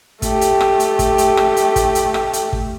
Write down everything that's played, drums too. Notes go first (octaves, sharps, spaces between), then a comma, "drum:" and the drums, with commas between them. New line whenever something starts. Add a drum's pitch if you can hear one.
A3 G4, drum: kick, hi-hat
drum: hi-hat
drum: rim click
drum: hi-hat
drum: kick, hi-hat
drum: hi-hat
drum: rim click
drum: hi-hat
drum: kick, hi-hat
drum: hi-hat
drum: rim click
drum: hi-hat
drum: kick